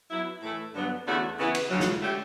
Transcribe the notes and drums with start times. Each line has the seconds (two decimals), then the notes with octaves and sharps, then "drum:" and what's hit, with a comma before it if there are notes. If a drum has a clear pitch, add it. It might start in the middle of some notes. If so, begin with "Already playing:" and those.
0.10 F#3 B3 E4
0.42 A2 E3 A3 E4 A4
0.74 G2 D3 F#3 B3
1.06 E2 D3 A3 C#4 F#4
1.38 C#3 E3 B3 E4
1.55 drum: cymbal
1.70 D2 C#3 F#3
1.80 drum: snare
2.01 D3 A3 C#4 G4